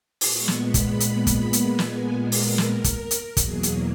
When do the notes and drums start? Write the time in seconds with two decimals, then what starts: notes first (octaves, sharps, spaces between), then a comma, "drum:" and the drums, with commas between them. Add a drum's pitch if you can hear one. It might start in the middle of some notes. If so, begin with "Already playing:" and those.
0.21 A#2 G#3 B3 C#6, drum: open hi-hat
0.48 drum: snare
0.61 B5
0.74 drum: kick, hi-hat
1.00 drum: hi-hat
1.27 drum: kick, hi-hat
1.53 drum: hi-hat
1.79 G#5, drum: snare
2.19 A#4
2.32 drum: open hi-hat
2.58 drum: snare
2.84 drum: kick, hi-hat
3.11 drum: hi-hat
3.37 E2 B2 F#3 A#3 G#4, drum: kick, hi-hat
3.63 drum: hi-hat